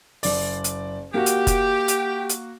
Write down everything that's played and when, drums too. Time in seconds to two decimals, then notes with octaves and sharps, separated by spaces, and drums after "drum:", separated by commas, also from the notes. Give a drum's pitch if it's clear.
0.23 F#1 D5, drum: open hi-hat
0.64 drum: hi-hat
1.14 A#3 F#4 G4
1.26 drum: hi-hat
1.47 drum: kick F1, hi-hat
1.88 drum: hi-hat
2.29 drum: hi-hat